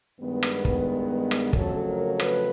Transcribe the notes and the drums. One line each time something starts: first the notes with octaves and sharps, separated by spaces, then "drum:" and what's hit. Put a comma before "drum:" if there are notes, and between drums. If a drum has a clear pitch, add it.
G2 D#3 G#3 B3
drum: rim click
drum: kick
drum: rim click
F2 C#3 F#3 A3 A4, drum: kick
A#4
B4, drum: rim click